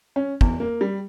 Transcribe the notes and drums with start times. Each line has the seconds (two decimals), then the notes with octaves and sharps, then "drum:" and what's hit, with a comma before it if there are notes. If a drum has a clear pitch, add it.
0.16 C#4
0.41 E2, drum: kick
0.60 A#3
0.81 G3